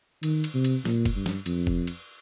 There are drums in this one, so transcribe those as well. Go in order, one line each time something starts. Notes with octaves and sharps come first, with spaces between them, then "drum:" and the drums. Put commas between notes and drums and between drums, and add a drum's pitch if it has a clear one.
D#3, drum: cymbal
drum: cymbal
C3
drum: cymbal
A#2, drum: snare
drum: kick, cymbal
G2
drum: snare
F2, drum: cymbal
drum: kick
drum: cymbal